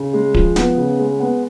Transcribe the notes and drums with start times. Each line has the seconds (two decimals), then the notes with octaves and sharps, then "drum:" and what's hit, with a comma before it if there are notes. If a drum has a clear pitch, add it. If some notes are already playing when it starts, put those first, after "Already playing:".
Already playing: C#3
0.13 G#3
0.34 F3, drum: kick D1
0.56 B3, drum: snare
0.77 C#3
0.99 G#3
1.20 B3